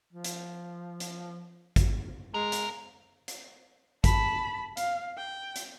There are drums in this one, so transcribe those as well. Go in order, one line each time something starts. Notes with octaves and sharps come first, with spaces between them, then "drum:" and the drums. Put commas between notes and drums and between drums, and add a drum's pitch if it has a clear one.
F3
drum: hi-hat
drum: hi-hat
drum: kick, hi-hat
G#3 A#4
drum: hi-hat
drum: hi-hat
A5 B5, drum: kick, hi-hat
F5, drum: hi-hat
G5
drum: hi-hat